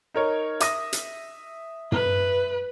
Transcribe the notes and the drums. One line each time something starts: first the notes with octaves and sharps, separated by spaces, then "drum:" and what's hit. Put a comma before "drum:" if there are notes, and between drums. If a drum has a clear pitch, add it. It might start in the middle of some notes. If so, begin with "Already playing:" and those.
D#4 A#4 C#5
E5 D#6 A#6, drum: hi-hat
drum: hi-hat
B4, drum: tom